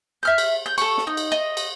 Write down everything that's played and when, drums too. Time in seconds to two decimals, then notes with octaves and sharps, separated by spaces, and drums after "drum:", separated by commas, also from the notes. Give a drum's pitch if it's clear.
0.23 E5 F6 G6
0.38 drum: cymbal
0.66 G6
0.78 A4 C#6, drum: cymbal
0.98 drum: snare
1.07 D#4
1.17 drum: cymbal
1.32 D#5
1.57 drum: cymbal